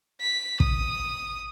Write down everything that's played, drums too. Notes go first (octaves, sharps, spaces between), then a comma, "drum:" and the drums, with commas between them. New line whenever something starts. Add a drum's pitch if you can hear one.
B6
D#6, drum: kick